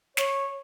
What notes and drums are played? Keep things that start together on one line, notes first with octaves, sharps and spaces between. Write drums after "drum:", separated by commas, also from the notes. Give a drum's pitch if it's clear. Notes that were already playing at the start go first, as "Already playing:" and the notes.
C#5, drum: snare